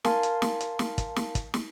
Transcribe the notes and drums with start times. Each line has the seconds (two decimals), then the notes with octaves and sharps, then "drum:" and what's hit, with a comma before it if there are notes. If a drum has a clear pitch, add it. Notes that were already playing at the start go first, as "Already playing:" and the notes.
0.05 A#4 F5 G#5 A5 C6, drum: snare
0.23 drum: hi-hat
0.42 drum: snare
0.60 drum: hi-hat
0.79 drum: snare
0.98 drum: kick, hi-hat
1.16 drum: snare
1.35 drum: kick, hi-hat
1.54 drum: snare